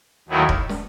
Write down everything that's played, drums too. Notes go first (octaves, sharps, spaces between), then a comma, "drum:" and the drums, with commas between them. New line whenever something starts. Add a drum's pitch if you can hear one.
D#2 D#3 F#3 A3 E4
drum: kick E1
drum: snare